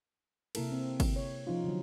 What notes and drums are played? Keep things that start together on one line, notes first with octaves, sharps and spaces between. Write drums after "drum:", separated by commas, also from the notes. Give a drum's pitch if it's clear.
C3 A#3 E4 A4 A#4, drum: cymbal
C4
drum: kick, cymbal
C#5
F3 C#4 D#4 F4
D3 F#3